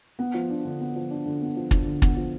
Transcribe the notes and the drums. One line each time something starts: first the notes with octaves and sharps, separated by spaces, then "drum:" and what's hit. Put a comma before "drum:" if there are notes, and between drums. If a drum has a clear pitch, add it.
B3
F3
D4
D3
B3
F3
D4
D3
B3
F3
D4, drum: kick
D3
B3, drum: kick
F3